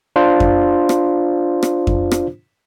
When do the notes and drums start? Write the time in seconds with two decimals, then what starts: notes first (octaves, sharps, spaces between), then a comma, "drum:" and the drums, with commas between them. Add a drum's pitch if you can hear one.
0.16 D4 F4 C5
0.40 drum: kick F2
0.89 drum: rim click
1.63 drum: rim click
1.87 drum: kick F2
2.11 drum: rim click